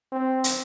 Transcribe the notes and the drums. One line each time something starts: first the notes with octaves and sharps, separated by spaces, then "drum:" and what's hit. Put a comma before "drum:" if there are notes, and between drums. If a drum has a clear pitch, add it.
C4
drum: hi-hat